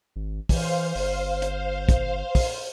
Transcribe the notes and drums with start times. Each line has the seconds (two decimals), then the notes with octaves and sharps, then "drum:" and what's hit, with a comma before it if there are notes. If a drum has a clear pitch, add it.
0.16 G#1
0.49 E3 C5 F5, drum: kick, open hi-hat
0.95 G1, drum: open hi-hat
1.42 drum: hi-hat
1.89 drum: kick, hi-hat
2.35 drum: kick, open hi-hat